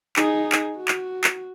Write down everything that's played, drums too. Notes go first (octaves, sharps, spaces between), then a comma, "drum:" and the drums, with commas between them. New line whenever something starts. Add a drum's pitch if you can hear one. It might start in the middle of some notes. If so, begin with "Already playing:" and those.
D#4 G#4, drum: clap
drum: clap
F#4
drum: clap
drum: clap